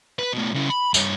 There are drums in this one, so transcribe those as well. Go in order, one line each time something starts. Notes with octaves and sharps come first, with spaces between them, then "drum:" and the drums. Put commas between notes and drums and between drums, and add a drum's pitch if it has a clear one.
B4
B2 A3
C#3 E4
B5
G2 C#5, drum: tambourine